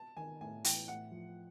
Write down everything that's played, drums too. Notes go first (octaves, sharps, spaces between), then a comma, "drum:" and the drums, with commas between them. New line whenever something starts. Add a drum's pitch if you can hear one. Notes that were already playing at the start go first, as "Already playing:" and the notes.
Already playing: A5
D#3 G#5
A2 G#5
E3 G5, drum: hi-hat
A2 F#5
F3